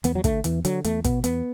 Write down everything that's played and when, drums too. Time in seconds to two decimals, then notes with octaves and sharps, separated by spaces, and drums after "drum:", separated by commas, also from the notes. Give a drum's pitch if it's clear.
0.04 E2 B3, drum: hi-hat
0.15 F#3
0.24 D3 A3, drum: kick, hi-hat
0.44 E2 E3, drum: hi-hat
0.65 D3 F#3, drum: hi-hat
0.84 E2 A3, drum: hi-hat
1.04 B2 B3, drum: kick, hi-hat
1.24 E2 B3, drum: hi-hat